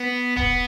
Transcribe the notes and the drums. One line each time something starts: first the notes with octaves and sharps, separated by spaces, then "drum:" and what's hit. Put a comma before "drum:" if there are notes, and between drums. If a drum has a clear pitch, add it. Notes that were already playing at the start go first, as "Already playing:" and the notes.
Already playing: B3
B3, drum: kick